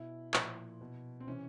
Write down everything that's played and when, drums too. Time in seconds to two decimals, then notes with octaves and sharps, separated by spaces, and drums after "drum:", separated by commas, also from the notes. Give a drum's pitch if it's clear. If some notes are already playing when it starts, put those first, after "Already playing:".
Already playing: B2 E4
0.34 A#2 F3, drum: clap
0.81 B2
1.20 C4
1.27 C3 E3 C#4